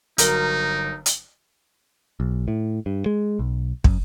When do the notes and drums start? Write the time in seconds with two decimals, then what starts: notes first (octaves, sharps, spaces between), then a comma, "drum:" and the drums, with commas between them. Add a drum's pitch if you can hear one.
0.18 G1 F#3 D#4 A#4, drum: hi-hat
1.06 drum: hi-hat
2.20 B1
2.48 A2
2.86 G2
3.06 G#3
3.39 B1
3.84 F#2, drum: kick